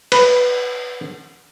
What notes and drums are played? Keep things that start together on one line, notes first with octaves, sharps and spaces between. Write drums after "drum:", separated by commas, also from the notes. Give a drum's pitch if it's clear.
B4, drum: cymbal